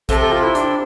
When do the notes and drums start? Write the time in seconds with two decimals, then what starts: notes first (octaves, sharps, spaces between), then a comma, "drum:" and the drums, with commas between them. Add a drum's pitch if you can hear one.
0.09 C3 A4, drum: kick, hi-hat
0.20 A4
0.32 F4
0.43 E4
0.55 D4, drum: hi-hat